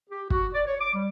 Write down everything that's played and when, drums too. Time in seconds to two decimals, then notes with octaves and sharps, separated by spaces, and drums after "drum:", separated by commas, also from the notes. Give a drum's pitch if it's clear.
0.10 G4
0.30 F#4, drum: kick
0.54 D5
0.66 C#5
0.81 D6
0.94 G3